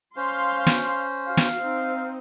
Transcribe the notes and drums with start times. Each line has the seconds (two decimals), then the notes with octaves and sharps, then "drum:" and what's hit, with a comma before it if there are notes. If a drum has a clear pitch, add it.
0.17 C#4 C5 F5 C6
0.67 drum: snare
1.27 F#4 F5
1.37 drum: snare
1.61 C4 D#4